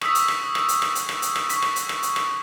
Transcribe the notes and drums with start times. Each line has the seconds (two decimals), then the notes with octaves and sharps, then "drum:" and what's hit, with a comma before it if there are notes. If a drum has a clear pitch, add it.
0.01 C#6 D#6 E6 B6, drum: rim click
0.15 drum: hi-hat
0.28 drum: rim click
0.55 drum: rim click
0.68 drum: hi-hat
0.82 drum: rim click
0.95 drum: hi-hat
1.09 drum: rim click
1.22 drum: hi-hat
1.36 drum: rim click
1.49 C#6 B6, drum: hi-hat
1.62 drum: rim click
1.76 drum: hi-hat
1.89 drum: rim click
2.03 drum: hi-hat
2.16 drum: rim click